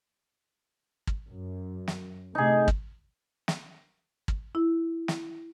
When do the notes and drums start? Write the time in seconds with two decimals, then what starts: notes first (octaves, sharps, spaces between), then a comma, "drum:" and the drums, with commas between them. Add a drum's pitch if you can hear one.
1.07 drum: kick
1.30 F#2
1.88 drum: snare
2.35 C3 A3 D#4 G#4
2.68 drum: kick
3.48 drum: snare
4.28 drum: kick
4.55 E4
5.08 drum: snare